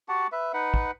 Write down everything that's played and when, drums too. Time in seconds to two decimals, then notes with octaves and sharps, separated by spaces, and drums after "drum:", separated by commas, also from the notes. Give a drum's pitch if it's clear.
0.09 F#4 G4 F#5 A5
0.32 B4 E5
0.54 D#4 B4 F#5
0.74 drum: kick